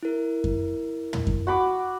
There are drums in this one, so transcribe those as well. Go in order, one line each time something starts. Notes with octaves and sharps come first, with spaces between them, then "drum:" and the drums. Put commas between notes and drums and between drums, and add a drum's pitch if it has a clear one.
E4 A#4
drum: kick F#2
drum: tom
drum: kick F#2
F#4 B5 D6